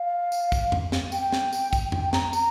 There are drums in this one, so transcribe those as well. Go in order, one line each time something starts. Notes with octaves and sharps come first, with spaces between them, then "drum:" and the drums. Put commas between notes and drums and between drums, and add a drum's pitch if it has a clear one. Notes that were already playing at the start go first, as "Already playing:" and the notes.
Already playing: F5
drum: tambourine
drum: kick, tambourine
drum: tom F2
drum: snare
G5, drum: tambourine
drum: snare
drum: tambourine
drum: kick, tambourine
G5, drum: tom F2
A#5, drum: snare
A#5, drum: tambourine